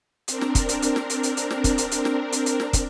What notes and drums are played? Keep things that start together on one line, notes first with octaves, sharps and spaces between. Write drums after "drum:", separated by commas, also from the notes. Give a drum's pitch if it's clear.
C4 D4 A#4, drum: hi-hat
drum: snare
drum: kick, hi-hat
drum: hi-hat
drum: hi-hat
drum: snare
drum: hi-hat
drum: hi-hat
drum: hi-hat
drum: snare
drum: kick, hi-hat
drum: hi-hat
drum: hi-hat
drum: snare
drum: hi-hat
drum: hi-hat
drum: snare
drum: kick, hi-hat